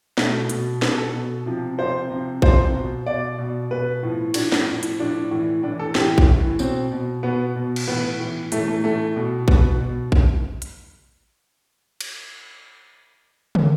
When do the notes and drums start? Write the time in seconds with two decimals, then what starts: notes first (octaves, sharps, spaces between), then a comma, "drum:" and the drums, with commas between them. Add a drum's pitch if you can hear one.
0.18 B2 A3, drum: snare
0.49 B2, drum: hi-hat
0.82 B2 B3, drum: snare
0.98 A4
1.14 B2
1.46 C3 F3
1.78 C3 F3 C5
2.10 C3 F3
2.42 C3 F3 C5, drum: kick A1
2.74 B2
3.06 B2 D5
3.38 B2
3.71 B2 B4
4.03 A2 F3
4.34 A2 F3 D4, drum: cymbal
4.52 drum: snare
4.67 A2 F3
4.83 drum: hi-hat
4.99 A2 F3 D4
5.31 A2 E3
5.63 A2 E3 D4
5.79 A4
5.95 A2 E3 G4, drum: snare
6.18 drum: kick A1
6.27 A2 E3
6.59 B2 C4, drum: tambourine
6.91 B2
7.23 B2 B3
7.56 B2
7.76 drum: cymbal
7.87 A2 E3 B3
8.20 A2 E3
8.52 A2 E3 A3, drum: hi-hat
8.68 A3
8.83 A2 E3 A3
9.16 B2
9.48 B2 B3, drum: kick A1
9.79 B2
10.12 drum: kick A1
10.62 drum: hi-hat
12.01 drum: cymbal
13.55 drum: tom